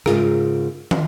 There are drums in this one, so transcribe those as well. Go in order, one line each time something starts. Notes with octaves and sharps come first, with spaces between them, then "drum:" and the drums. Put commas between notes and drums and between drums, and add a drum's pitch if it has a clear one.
G#2 C#3 F4 G#4 A#4, drum: rim click
drum: tom